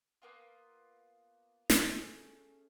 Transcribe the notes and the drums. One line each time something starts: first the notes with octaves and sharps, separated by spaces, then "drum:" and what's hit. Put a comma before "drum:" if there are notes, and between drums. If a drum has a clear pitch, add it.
A#3 B3 F4
A3 C#4 G#4, drum: snare